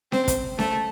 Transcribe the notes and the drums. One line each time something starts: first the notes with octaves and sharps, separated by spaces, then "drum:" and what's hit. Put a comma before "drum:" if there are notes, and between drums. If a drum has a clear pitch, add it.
C4, drum: snare C#4
drum: kick, hi-hat
A3, drum: snare C#4